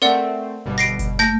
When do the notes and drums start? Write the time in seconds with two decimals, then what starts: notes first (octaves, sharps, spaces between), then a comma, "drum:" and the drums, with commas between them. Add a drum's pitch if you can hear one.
0.02 A3 C4 A#4 D5 F#5
0.65 G1 B2 G3
0.78 A#6 C7 D7
0.99 drum: kick F#1, hi-hat
1.19 A3 G6 A#6, drum: snare